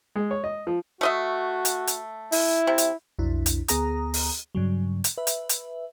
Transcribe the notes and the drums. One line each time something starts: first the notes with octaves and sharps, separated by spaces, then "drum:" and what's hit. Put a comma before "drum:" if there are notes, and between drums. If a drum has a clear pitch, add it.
G#3
C#5
D#5
F3
A3 F#4 D#5 E5
drum: hi-hat
drum: hi-hat
E4, drum: open hi-hat
C3
drum: hi-hat
B1 F2 D4 E4
drum: hi-hat
D2 B3 G#4 A#5 D#6, drum: hi-hat
drum: open hi-hat
G2 C#3 F#3
drum: hi-hat
B4 E5
drum: hi-hat
drum: hi-hat